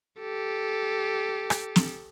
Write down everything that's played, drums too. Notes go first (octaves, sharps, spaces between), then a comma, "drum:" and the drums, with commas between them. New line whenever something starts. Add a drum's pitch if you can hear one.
G4 A4
drum: rim click
drum: snare